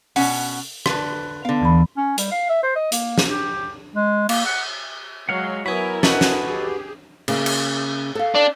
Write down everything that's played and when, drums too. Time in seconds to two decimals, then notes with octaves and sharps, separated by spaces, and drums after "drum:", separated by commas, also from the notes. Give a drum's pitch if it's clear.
0.16 B2 C#4 F#5, drum: open hi-hat
0.86 D3 B4, drum: rim click
1.45 D3 B3 F5
1.61 D#2 E3 B5
1.97 C#4
2.18 G3, drum: hi-hat
2.32 F5
2.49 E5
2.63 C5
2.75 D#5
2.92 A#3, drum: hi-hat
3.18 drum: snare
3.30 G4
3.95 G#3
4.29 A#3, drum: cymbal
4.46 F#5
5.29 F#3 G#3 F5 F#5
5.66 F#3 B3 E4 A#4 G#5 B5
6.03 A#3 D#4 F#4 A4 B4 D#5 G#5 D#6, drum: snare
6.21 drum: snare
6.44 G4 G#4
7.28 C#3 A#3, drum: cymbal
7.46 drum: cymbal
8.15 A4 F5
8.35 D4